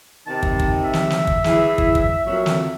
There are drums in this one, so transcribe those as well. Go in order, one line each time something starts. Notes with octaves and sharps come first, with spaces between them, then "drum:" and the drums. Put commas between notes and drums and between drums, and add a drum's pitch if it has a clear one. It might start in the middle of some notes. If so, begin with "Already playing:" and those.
C3 D#3 D#4 A5
drum: kick
drum: kick
E5
drum: snare
drum: snare
drum: kick
E3 E4 G#4, drum: snare
drum: kick
drum: kick
F2 A#2 F#3
drum: snare